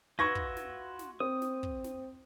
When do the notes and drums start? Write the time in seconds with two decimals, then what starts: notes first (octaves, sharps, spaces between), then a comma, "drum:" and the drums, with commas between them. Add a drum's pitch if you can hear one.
0.19 F4 F#4 B4 E5 C#6 G#6 A#6
0.35 drum: kick
0.57 drum: snare
0.99 drum: snare
1.20 C4 D#6
1.42 drum: snare
1.63 drum: kick
1.84 drum: snare